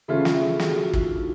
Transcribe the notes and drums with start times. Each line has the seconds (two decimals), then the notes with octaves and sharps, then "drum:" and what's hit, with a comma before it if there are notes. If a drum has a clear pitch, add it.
0.08 C#3 E3 A3 C#4 F4 A4
0.25 G#4, drum: snare
0.42 G#4
0.59 F#4, drum: snare
0.76 F#4
0.85 F4
0.94 E4, drum: kick
1.02 D#4
1.11 D4